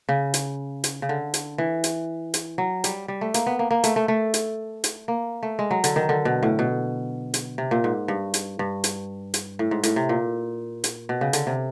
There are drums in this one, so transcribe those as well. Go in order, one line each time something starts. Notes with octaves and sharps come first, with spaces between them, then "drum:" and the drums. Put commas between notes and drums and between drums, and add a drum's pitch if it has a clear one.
C#3
drum: hi-hat
drum: hi-hat
C#3
D3
drum: hi-hat
E3
drum: hi-hat
drum: hi-hat
F#3
G3, drum: hi-hat
G3
A3
A#3, drum: hi-hat
B3
A#3
A#3
A3, drum: hi-hat
A3
A3
drum: hi-hat
drum: hi-hat
A#3
A3
G#3
F#3
D3, drum: hi-hat
D#3
D3
B2
A2
B2
drum: hi-hat
C3
A#2
G#2
G2
drum: hi-hat
G2
drum: hi-hat
drum: hi-hat
A2
G#2
A2, drum: hi-hat
C3
A#2
drum: hi-hat
B2
C#3
D3, drum: hi-hat
C3